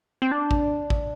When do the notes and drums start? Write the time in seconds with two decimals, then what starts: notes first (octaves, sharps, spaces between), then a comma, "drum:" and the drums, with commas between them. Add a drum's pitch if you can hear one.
0.22 C4
0.31 D4
0.51 drum: kick A1
0.90 drum: kick A1